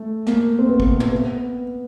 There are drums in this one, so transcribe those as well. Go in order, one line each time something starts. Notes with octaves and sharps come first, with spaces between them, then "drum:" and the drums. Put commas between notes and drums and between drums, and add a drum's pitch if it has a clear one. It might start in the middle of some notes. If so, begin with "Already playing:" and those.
Already playing: A3
A#3, drum: snare
C4
B3
drum: kick G#1
drum: tom
B3